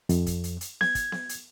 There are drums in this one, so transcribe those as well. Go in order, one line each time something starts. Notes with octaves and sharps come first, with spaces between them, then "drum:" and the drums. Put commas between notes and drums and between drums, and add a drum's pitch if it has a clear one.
F2, drum: hi-hat
drum: kick, hi-hat
drum: hi-hat
drum: hi-hat
G#6, drum: snare B3
drum: kick, hi-hat
drum: snare B3
drum: hi-hat